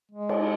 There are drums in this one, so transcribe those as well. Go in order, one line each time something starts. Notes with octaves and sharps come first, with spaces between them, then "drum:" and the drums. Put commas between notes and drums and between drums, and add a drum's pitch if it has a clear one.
G#3
drum: cymbal